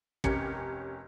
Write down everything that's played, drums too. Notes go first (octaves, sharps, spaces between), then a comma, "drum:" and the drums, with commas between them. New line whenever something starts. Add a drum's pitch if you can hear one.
F1 C#4 G4 A#4 G#6 C#7, drum: kick